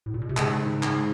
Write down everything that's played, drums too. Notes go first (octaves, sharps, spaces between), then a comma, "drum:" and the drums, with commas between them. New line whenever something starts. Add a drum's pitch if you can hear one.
A2
A#2
B2
C3
G#2 C#3, drum: clap
D#3
G#2, drum: clap